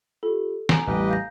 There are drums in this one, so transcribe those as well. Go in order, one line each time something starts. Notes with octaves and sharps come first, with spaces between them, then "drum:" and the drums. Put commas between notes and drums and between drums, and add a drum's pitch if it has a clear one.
F4 G4 A4
G#5 A#5, drum: snare
A1 G3 G4 B4 D#5
F5 G6 A#6